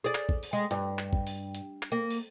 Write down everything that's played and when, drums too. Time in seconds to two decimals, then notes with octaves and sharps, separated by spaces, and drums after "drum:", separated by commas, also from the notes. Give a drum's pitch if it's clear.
0.04 G#4 D5
0.15 drum: clap
0.29 drum: kick
0.43 drum: open hi-hat
0.53 G#3
0.71 G2, drum: hi-hat
0.99 drum: clap
1.13 drum: kick
1.27 drum: open hi-hat
1.55 drum: hi-hat
1.83 drum: clap
1.92 A#3
2.10 drum: open hi-hat